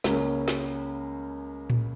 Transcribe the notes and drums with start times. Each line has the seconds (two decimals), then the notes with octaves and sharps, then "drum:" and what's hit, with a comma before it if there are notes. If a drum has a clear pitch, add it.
0.04 C#2 C#3 A#3 C#4, drum: snare
0.48 drum: snare
1.70 drum: tom A2